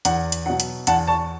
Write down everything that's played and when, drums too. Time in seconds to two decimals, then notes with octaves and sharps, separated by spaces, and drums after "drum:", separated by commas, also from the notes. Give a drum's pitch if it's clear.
0.05 E2 F#5, drum: hi-hat
0.32 drum: hi-hat
0.46 B2 F#3 F#5
0.60 drum: hi-hat
0.87 E2 F#5 A5, drum: hi-hat
1.07 A5 C#6